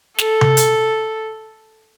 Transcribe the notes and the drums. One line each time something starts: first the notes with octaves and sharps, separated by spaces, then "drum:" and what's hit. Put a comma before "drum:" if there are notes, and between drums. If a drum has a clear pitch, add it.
A4, drum: snare
drum: tom C3
drum: hi-hat